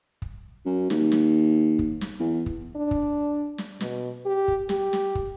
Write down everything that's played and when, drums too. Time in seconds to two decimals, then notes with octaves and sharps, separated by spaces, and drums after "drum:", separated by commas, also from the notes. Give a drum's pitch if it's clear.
0.22 drum: kick
0.66 F#2
0.90 D#2, drum: snare
1.12 drum: snare
1.79 drum: kick
2.01 drum: snare
2.20 E2
2.46 drum: kick
2.76 D4
2.91 drum: kick
3.58 drum: snare
3.81 B2, drum: snare
4.26 G4
4.48 drum: kick
4.69 G4, drum: snare
4.93 drum: snare
5.15 drum: kick